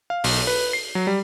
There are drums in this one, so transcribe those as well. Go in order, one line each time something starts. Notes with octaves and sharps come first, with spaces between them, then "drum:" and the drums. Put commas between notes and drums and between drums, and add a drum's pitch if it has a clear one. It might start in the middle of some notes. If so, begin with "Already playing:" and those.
F5
B1, drum: open hi-hat
B4
C7
F#3
G3